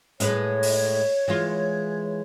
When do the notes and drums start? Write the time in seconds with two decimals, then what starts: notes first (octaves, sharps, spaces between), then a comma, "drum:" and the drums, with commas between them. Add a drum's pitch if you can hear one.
0.20 A2 G#3 B4 C#5, drum: hi-hat
0.63 drum: open hi-hat
1.28 E3 G#3 F4